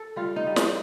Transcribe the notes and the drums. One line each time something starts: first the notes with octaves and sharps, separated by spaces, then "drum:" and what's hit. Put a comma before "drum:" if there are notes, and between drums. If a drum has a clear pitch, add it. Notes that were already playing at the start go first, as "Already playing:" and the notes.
Already playing: A4
G3 F4
D#4
G3
D#4, drum: snare